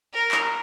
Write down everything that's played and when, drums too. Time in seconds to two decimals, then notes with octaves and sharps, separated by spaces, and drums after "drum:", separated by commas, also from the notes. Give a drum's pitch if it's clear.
0.15 A#4
0.31 drum: clap